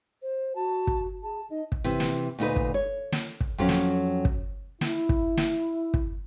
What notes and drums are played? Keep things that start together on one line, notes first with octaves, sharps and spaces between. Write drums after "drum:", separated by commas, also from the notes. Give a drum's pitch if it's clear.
C5
F#4 A5
drum: kick
G#4 A5
D#4 D#5
drum: kick
C3 E3
drum: snare
D2 A#2 D#4 B4
drum: kick
C#5
drum: snare
drum: kick
F2 F#3 C#4
drum: snare
drum: kick
E4, drum: snare
drum: kick
drum: snare
drum: kick